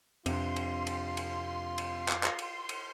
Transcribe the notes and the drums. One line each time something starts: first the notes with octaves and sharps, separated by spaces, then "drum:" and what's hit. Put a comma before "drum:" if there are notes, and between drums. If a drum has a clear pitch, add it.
F2 C3 D4 F4 C6, drum: cymbal
drum: cymbal
drum: cymbal
drum: cymbal
drum: cymbal
drum: clap
drum: clap
drum: cymbal
drum: cymbal